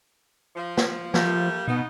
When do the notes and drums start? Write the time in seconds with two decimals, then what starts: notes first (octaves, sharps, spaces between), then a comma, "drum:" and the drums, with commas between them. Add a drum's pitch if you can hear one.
0.55 F3
0.77 drum: snare
1.14 F3 G3 A3 A#3, drum: snare
1.68 B2 B3 D#4